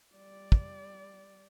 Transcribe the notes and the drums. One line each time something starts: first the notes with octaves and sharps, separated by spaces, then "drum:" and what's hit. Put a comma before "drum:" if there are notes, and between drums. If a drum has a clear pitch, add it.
G3 D5
drum: kick